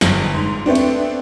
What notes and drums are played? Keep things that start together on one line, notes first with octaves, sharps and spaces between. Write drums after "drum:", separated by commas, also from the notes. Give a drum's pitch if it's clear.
G1, drum: snare
G#2
A3 B3 C4 D4
drum: cymbal